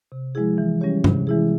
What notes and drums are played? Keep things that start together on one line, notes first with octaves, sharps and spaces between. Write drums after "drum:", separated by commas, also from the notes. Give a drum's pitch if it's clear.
C3
F3 G#3 E4 G#4
E3
G3 C#4 G4 C#5
C3, drum: tom
E3 G#3 E4 G#4